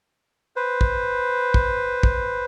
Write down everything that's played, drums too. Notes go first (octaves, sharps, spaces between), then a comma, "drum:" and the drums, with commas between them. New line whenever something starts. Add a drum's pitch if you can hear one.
B4 C5
drum: kick
drum: kick
drum: kick